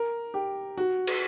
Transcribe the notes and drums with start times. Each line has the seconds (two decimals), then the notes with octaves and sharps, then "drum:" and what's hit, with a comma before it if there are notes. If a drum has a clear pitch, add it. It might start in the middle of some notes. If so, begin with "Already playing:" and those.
Already playing: A#4
0.34 G4
0.78 F#4
1.07 drum: cymbal